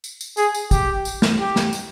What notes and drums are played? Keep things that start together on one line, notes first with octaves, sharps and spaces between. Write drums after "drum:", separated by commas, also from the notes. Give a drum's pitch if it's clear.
drum: tambourine
drum: tambourine
G#4, drum: tambourine
drum: tambourine
G4, drum: kick, tambourine
drum: tambourine
drum: snare
G4
drum: snare
drum: tambourine